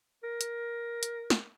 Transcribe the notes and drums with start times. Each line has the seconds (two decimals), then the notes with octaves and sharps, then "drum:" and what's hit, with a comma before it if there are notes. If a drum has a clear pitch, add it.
0.23 A#4
0.41 drum: hi-hat
1.03 drum: hi-hat
1.30 drum: snare